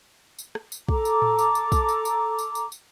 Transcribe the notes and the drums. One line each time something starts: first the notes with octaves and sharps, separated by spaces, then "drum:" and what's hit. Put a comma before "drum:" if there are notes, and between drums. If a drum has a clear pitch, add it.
drum: tambourine
drum: rim click
drum: tambourine
A4 A#5 D6, drum: kick
drum: tambourine
drum: tom A2
drum: tambourine
drum: tambourine
drum: kick, tambourine
drum: tambourine
drum: tambourine
drum: tambourine
drum: tambourine
drum: tambourine